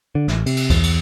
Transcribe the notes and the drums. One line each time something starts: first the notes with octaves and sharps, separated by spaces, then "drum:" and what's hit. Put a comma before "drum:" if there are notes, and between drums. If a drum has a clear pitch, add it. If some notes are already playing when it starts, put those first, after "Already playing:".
D3
A1, drum: snare
C3, drum: cymbal
drum: cymbal
E2, drum: kick C2, cymbal
drum: cymbal